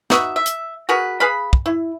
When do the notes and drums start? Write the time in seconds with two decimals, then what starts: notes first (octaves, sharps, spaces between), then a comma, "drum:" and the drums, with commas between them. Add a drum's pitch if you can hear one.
0.10 D#4 F#4 B4 E5, drum: snare
0.36 E5
0.46 drum: hi-hat
0.89 F#4 G#4 A#4 B4
1.20 G#4 B4 F5 B5
1.53 drum: kick
1.66 E4